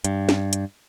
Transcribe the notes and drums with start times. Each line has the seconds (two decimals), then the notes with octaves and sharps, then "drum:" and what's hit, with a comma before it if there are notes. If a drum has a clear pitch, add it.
0.04 G2, drum: hi-hat
0.29 drum: snare
0.53 drum: hi-hat